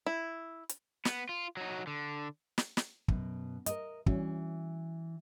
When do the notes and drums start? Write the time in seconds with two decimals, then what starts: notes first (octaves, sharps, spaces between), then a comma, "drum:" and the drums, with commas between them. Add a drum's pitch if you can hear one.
0.06 E4
0.69 drum: hi-hat
1.05 B3, drum: snare
1.29 F4
1.57 F#3 D#4
1.87 D3
2.58 drum: snare
2.77 drum: snare
3.08 F#2 B2, drum: kick
3.66 A#4 D#5, drum: hi-hat
4.06 E3 G3 C#4 F#4, drum: kick